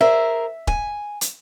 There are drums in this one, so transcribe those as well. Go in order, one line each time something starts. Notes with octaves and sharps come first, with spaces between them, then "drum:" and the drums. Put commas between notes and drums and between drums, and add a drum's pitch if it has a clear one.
G#4 A#4 C5 E5
G#5, drum: kick D#1
drum: hi-hat